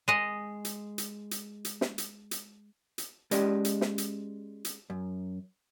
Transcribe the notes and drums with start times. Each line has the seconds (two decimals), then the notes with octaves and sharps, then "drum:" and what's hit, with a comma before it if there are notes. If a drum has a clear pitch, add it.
0.08 G#3 D#5
0.65 drum: hi-hat
0.98 drum: hi-hat
1.31 drum: hi-hat
1.65 drum: hi-hat
1.81 drum: snare
1.98 drum: hi-hat
2.31 drum: hi-hat
2.98 drum: hi-hat
3.31 G#3 C#4 G4 D5 D#5, drum: hi-hat
3.65 drum: hi-hat
3.81 drum: snare
3.98 drum: hi-hat
4.65 drum: hi-hat
4.90 F#2